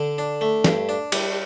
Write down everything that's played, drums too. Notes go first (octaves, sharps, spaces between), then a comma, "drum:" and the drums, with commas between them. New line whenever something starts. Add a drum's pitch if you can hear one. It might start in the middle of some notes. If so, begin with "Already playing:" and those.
Already playing: D3
D4
A3
G2, drum: snare
D4
G3, drum: cymbal